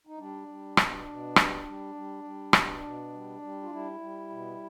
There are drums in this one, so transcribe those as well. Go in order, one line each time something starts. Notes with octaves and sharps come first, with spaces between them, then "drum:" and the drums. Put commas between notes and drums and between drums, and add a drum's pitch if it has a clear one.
D#4
G3 D4
G3
B2, drum: rim click
B2
G3, drum: rim click
G3
G3
G3
B2, drum: rim click
B2
G3
G3
F4
G3 E4
G3
B2